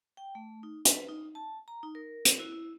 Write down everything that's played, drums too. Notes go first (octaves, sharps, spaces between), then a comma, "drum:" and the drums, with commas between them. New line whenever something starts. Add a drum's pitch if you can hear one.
G5
A3
D#4
B4, drum: hi-hat
D#4
A5
A#5
D#4
A#4
drum: hi-hat
E4
E4